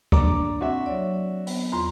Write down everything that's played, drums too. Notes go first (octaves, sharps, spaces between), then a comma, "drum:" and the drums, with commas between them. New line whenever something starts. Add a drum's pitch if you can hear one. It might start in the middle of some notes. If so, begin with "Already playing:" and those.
A#3 D4 D5 A#5 D6, drum: kick
C4 F#4 E5
F#3 C#5 D5
B3, drum: open hi-hat
E2 F4 A#5 C6